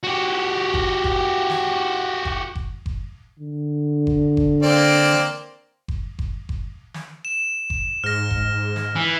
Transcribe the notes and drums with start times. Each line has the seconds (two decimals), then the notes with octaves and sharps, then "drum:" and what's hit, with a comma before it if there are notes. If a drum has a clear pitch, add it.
0.04 F#4 G4
0.74 drum: kick F#1
1.04 drum: kick F#1
1.49 drum: snare
2.25 drum: kick F#1
2.55 drum: kick F#1
2.86 drum: kick F#1
3.40 D3
4.07 drum: kick F#1
4.37 drum: kick F#1
4.63 A#3 C4 D5
5.13 drum: snare
5.88 drum: kick F#1
6.19 drum: kick F#1
6.49 drum: kick F#1
6.94 drum: snare
7.25 E7
7.70 drum: kick F#1
8.04 G#2 F6 A#6
8.31 drum: kick F#1
8.76 drum: snare
8.96 E3